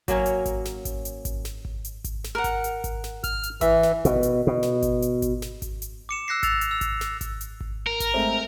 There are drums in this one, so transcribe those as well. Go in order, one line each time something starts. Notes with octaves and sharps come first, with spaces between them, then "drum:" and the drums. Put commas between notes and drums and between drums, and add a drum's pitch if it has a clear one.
F#3 A#3 C#4, drum: kick G#1, hi-hat
drum: hi-hat
drum: kick G#1, hi-hat
drum: snare
drum: kick G#1, hi-hat
drum: hi-hat
drum: kick G#1, hi-hat
drum: snare
drum: kick G#1
drum: hi-hat
drum: kick G#1, hi-hat
drum: snare
A#4 F#5
drum: kick G#1, hi-hat
drum: hi-hat
drum: kick G#1, hi-hat
drum: snare
F6, drum: kick G#1, hi-hat
drum: hi-hat
E3 E5, drum: kick G#1, hi-hat
drum: snare
B2, drum: kick G#1, hi-hat
drum: hi-hat
B2
drum: snare
drum: kick G#1, hi-hat
drum: hi-hat
drum: kick G#1, hi-hat
drum: snare
drum: kick G#1, hi-hat
drum: hi-hat
D6 C#7 E7
E6 F#6 A#6 C7
E6 A6 F7, drum: kick G#1, hi-hat
drum: hi-hat
E6
drum: kick G#1, hi-hat
drum: snare
drum: kick G#1, hi-hat
drum: hi-hat
drum: kick G#1
A#4
drum: kick G#1, hi-hat
G#3 A3 C4